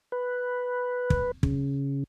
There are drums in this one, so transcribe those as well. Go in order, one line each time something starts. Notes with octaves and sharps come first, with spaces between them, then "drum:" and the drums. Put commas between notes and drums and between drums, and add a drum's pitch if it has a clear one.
B4
drum: kick
C#3, drum: kick